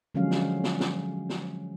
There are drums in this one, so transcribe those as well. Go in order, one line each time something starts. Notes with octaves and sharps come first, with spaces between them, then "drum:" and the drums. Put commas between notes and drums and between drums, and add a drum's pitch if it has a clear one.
D3 F3 F#3 G#3 C#4 F5
drum: snare
drum: snare
drum: snare
drum: snare